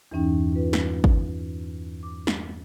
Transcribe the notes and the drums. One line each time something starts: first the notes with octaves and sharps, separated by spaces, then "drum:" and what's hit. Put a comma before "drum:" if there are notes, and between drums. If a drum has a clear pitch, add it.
E2 G2 E3 C#4 D#4 G5
F4 B4
drum: snare
drum: kick
D6
drum: snare